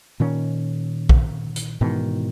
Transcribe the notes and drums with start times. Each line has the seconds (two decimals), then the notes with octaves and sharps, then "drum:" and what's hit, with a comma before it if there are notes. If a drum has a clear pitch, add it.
0.20 A#2 D#3 C#4
1.09 drum: kick
1.56 drum: hi-hat
1.81 G#2 B2 D#3 E3